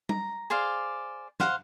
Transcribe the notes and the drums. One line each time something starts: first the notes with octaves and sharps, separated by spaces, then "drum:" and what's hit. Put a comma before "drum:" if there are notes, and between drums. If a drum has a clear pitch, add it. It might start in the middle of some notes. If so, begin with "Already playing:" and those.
A#5, drum: tom
G#4 C5 D5 F5
C5 F5 F#5, drum: snare